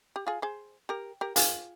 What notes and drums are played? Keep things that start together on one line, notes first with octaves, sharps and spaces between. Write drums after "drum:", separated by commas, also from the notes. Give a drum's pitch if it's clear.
G4
F4 G#4
G#4 C5
G4 A#4
G4 A#4
F4 G#4, drum: hi-hat